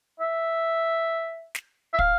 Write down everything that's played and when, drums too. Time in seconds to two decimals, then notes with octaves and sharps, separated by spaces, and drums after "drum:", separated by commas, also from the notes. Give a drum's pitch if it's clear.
0.20 E5
1.55 drum: snare
1.93 E5
1.99 F5, drum: kick